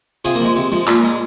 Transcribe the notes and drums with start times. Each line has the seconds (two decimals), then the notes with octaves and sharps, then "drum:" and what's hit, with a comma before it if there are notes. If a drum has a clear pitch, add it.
0.25 C3 F4 G#4, drum: hi-hat
0.35 A#3
0.40 F3 G#3
0.56 C3, drum: hi-hat
0.72 F3 G#3
0.88 A#2, drum: clap
1.04 G#3